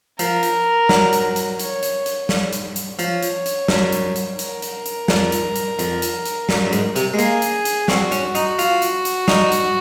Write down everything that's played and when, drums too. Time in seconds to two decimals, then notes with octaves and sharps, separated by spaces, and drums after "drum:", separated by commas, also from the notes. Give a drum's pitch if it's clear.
0.19 F3 A#4, drum: hi-hat
0.43 drum: hi-hat
0.89 F#3, drum: snare
1.12 drum: hi-hat
1.36 drum: hi-hat
1.59 C#5, drum: hi-hat
1.82 drum: hi-hat
2.06 drum: hi-hat
2.29 drum: snare
2.52 drum: hi-hat
2.76 drum: hi-hat
2.99 F3 C#5, drum: hi-hat
3.22 drum: hi-hat
3.46 drum: hi-hat
3.69 F#2, drum: snare
3.92 drum: hi-hat
4.15 drum: hi-hat
4.39 A#4, drum: hi-hat
4.62 drum: hi-hat
4.85 drum: hi-hat
5.08 F2, drum: snare
5.32 drum: hi-hat
5.55 drum: hi-hat
5.79 F2, drum: hi-hat
6.02 drum: hi-hat
6.25 drum: hi-hat
6.49 F#2, drum: snare
6.65 F#2
6.72 G#2, drum: hi-hat
6.96 C3, drum: hi-hat
7.14 G#3
7.18 A#3 G#4, drum: hi-hat
7.42 drum: hi-hat
7.65 drum: hi-hat
7.88 C4 F#4, drum: snare
8.12 C#4, drum: hi-hat
8.35 D#4, drum: hi-hat
8.59 F4, drum: hi-hat
8.82 drum: hi-hat
9.05 drum: hi-hat
9.28 D#4, drum: snare
9.51 drum: hi-hat